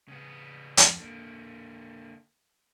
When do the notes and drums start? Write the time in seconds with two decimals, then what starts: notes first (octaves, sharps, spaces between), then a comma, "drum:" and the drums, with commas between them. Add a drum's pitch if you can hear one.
0.08 C#3 B3
0.77 F2, drum: hi-hat
0.98 D3 A#3